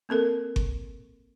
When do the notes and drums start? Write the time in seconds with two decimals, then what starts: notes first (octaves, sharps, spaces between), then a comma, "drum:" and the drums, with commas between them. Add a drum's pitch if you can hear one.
0.09 A#3 C4 A4 A#4
0.56 drum: kick G1